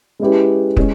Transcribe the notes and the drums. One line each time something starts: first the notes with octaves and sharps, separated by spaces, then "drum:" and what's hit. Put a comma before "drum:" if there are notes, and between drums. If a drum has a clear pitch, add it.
G#3 C#4 E4 G4 B4
G#3 C#4, drum: kick